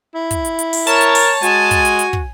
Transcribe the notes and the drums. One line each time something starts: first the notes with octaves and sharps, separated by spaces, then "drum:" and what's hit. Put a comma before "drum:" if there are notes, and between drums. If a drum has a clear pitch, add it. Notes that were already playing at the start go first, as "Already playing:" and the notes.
E4
drum: kick, hi-hat
drum: hi-hat
drum: hi-hat
drum: open hi-hat
A#4 C#5 A5, drum: hi-hat
drum: hi-hat
drum: open hi-hat
G#3 F#4 G#5, drum: hi-hat
drum: kick, hi-hat
drum: hi-hat
drum: hi-hat
drum: kick